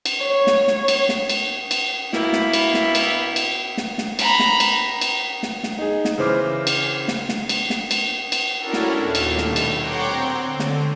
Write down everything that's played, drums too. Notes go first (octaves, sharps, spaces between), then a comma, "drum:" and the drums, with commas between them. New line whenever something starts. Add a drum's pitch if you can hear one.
drum: cymbal
C#5
drum: snare
drum: snare
drum: cymbal
drum: snare
drum: cymbal
drum: cymbal
B2 A#3 E4, drum: snare
drum: snare
drum: cymbal
drum: snare
drum: cymbal
drum: cymbal
drum: snare
drum: snare
A#5 B5, drum: cymbal
drum: snare
drum: cymbal
drum: cymbal
drum: snare
drum: snare
D#4 G#4
drum: snare
C#3 E3 C5 D6 F6
drum: cymbal
drum: snare
drum: snare
drum: cymbal
drum: snare
drum: cymbal
drum: cymbal
C#4 D4 E4 F#4 A4 A#4
drum: snare
D#2 A#2
drum: cymbal
B2 G3 A3, drum: snare
drum: cymbal
C#5 F#5 G5 A#5 C6 D6
C4
D3
drum: snare